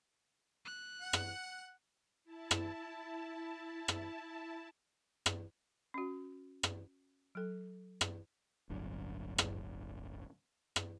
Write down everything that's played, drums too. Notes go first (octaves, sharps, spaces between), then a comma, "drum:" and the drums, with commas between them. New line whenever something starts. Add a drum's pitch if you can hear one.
F#6
F#5
drum: rim click
E4 A5
drum: rim click
drum: rim click
drum: rim click
C#4 F#4
drum: rim click
F#3 A4
drum: rim click
D1 G1 D3 F#3
drum: rim click
drum: rim click